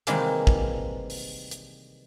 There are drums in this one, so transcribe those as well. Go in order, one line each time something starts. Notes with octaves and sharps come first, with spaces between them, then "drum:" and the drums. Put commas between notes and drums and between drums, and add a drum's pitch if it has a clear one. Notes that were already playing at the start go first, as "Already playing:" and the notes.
C3 D#3 E3 G3 G#3 A#3, drum: hi-hat
drum: kick
drum: open hi-hat
drum: hi-hat